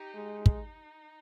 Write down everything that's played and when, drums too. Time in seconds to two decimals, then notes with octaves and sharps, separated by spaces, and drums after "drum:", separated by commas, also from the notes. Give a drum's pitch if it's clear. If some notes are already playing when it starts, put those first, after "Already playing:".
Already playing: D#4 G4
0.15 G#3
0.46 D#4, drum: kick